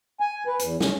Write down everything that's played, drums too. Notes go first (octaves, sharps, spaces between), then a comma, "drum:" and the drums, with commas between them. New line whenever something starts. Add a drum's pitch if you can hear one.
G#5
B4
E2, drum: hi-hat
C#4, drum: snare